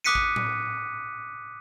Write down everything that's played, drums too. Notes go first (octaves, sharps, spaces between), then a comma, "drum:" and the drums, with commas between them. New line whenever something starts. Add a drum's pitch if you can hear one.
D6 D#6 F#6 B6 C#7 D#7
drum: kick G#1
drum: tom A2